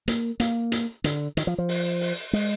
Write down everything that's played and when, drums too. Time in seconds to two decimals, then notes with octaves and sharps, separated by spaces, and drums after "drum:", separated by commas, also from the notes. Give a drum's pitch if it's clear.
0.08 A#3, drum: hi-hat
0.40 A#3, drum: hi-hat
0.72 drum: hi-hat
1.04 D3, drum: hi-hat
1.37 D#3, drum: hi-hat
1.47 F3
1.58 F3
1.69 drum: open hi-hat
2.01 drum: open hi-hat
2.33 G#3, drum: open hi-hat